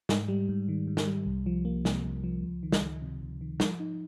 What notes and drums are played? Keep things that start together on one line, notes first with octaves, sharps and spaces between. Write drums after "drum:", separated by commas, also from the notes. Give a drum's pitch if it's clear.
G#2, drum: snare
G3
G#2
D#3
G#2
drum: snare
G3
C2
F3
A#3
C3, drum: snare
C2
F3
C#2
D#3
drum: snare
C#2
C3
C#2
D#3
F3, drum: snare
D#4